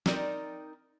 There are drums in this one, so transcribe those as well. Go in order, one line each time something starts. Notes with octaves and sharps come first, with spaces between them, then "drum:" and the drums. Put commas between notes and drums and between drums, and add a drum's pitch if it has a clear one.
C4 D#4 A#4 D5, drum: snare